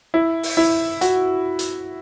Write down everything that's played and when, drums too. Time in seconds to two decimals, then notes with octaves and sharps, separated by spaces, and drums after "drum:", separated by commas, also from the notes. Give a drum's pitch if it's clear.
0.14 E4
0.43 drum: open hi-hat
0.57 E4
1.01 F#4, drum: hi-hat
1.59 drum: hi-hat